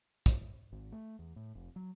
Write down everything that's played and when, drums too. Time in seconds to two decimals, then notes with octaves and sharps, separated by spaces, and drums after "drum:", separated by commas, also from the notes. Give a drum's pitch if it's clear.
0.26 drum: kick, hi-hat
0.72 G#1
0.92 A3
1.19 E2
1.36 A2
1.55 F1
1.76 F#3